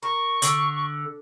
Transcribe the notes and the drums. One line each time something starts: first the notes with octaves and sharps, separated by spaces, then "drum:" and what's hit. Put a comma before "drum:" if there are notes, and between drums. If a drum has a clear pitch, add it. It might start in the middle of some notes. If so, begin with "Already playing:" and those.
A#4 C#6
D3, drum: hi-hat